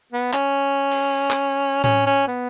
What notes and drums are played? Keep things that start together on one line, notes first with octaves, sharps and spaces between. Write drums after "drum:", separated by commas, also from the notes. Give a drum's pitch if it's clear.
B3
C#4, drum: clap
drum: cymbal
drum: clap
C#4, drum: tom A2
C#4
B3